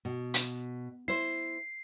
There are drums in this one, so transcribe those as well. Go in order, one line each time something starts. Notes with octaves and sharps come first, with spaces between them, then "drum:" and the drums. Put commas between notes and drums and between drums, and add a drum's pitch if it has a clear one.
B2
drum: hi-hat
E4 C5 C7